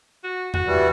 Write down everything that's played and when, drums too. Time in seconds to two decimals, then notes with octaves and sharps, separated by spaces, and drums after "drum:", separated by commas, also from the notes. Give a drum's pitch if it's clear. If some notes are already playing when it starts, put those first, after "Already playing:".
0.23 F#4
0.54 F#4, drum: tom E2
0.67 E3 G3